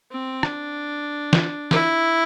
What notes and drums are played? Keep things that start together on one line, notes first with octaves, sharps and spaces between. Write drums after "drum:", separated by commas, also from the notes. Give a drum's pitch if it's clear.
C4
D4, drum: rim click
drum: snare
E4, drum: snare